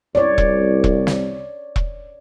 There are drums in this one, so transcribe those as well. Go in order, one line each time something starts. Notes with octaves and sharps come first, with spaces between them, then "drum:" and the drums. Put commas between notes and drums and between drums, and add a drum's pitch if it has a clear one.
C2 C#5 D5
drum: kick E1
drum: kick E1
drum: snare
drum: kick E1